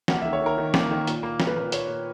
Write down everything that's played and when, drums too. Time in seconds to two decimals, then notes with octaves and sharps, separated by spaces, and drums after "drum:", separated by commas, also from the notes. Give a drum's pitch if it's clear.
0.08 A#3 F#5, drum: snare
0.21 E5
0.26 D#3
0.33 C#5
0.41 D#3 A#4
0.58 D#3
0.74 A#3, drum: snare
0.91 D#3
1.07 A#2, drum: hi-hat
1.23 A#3
1.40 A#3, drum: snare
1.47 B4
1.56 A#2 A#4
1.72 A#2 C#5, drum: hi-hat
1.88 A#2